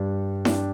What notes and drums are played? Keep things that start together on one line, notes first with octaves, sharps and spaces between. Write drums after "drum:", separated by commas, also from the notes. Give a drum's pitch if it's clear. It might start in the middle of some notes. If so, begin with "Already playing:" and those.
Already playing: G2 G3 D4 G4
G3 D4 G4, drum: snare E4